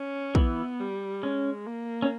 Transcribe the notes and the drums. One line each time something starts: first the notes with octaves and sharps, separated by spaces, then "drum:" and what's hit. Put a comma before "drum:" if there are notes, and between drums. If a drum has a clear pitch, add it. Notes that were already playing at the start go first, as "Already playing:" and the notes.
Already playing: C#4
E3 B3 E4, drum: kick
G3
G#3 C#4
A#3
C#4